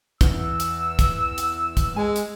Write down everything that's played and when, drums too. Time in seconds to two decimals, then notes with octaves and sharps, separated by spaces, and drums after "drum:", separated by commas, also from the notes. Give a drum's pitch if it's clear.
0.21 E2 E6, drum: kick, hi-hat
0.60 drum: hi-hat
0.99 drum: kick, hi-hat
1.38 drum: hi-hat
1.77 drum: kick, hi-hat
1.96 G#3 G#5
2.16 drum: hi-hat